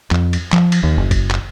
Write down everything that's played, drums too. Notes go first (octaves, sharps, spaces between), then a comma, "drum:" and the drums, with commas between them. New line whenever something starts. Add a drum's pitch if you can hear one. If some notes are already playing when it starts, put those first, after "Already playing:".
F2, drum: clap
drum: cymbal
F3, drum: clap
drum: cymbal
D#2
F#1
drum: kick, cymbal
drum: clap